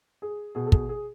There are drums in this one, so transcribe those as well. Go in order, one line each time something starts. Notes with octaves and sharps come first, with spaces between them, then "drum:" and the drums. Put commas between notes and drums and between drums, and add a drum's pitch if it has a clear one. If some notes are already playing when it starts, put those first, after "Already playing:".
G#4
B2 G#4
A4
G#4, drum: kick
G#4